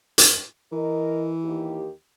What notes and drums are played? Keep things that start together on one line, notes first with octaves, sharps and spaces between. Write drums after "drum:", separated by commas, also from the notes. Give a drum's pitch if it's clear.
drum: hi-hat
E3 A#4 D#5
D#2 D#3 G4